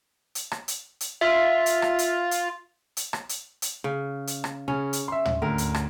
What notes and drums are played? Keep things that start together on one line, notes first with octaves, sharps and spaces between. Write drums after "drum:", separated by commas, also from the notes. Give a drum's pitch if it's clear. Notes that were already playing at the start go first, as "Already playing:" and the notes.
drum: hi-hat
drum: rim click
drum: hi-hat
drum: hi-hat
F4 E5
drum: hi-hat
drum: rim click
drum: hi-hat
drum: hi-hat
drum: hi-hat
drum: rim click
drum: hi-hat
drum: hi-hat
C#3
drum: hi-hat
drum: rim click
C#3 C#4
drum: hi-hat
E5 C6
drum: tom
D2 A#4
drum: hi-hat
drum: rim click